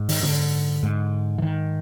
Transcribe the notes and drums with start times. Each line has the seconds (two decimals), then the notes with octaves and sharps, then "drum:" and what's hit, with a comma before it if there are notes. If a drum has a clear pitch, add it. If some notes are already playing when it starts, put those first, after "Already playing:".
Already playing: G#2
0.09 D#3, drum: open hi-hat
0.23 D3, drum: tom
0.83 G#2
1.38 E3
1.42 D#3